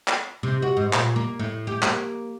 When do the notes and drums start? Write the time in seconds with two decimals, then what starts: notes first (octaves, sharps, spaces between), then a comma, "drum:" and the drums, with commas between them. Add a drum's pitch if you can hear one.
0.08 drum: clap
0.43 C3
0.62 F#4
0.77 G#2
0.93 A#2, drum: clap
1.16 A#3
1.39 A2
1.67 G4
1.83 A#3, drum: clap